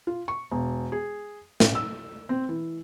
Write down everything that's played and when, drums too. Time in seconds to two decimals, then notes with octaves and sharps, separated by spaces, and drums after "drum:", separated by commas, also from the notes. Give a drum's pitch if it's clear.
0.07 F4
0.28 C#6
0.51 E1
0.92 G#4
1.60 A1, drum: snare
1.75 E6
2.29 C4
2.49 E3